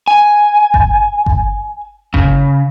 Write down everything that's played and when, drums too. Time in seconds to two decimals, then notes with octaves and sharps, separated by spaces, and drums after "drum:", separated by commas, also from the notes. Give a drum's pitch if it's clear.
0.08 G#5
0.74 drum: kick G1
1.26 drum: kick G1
2.14 C#3, drum: kick G1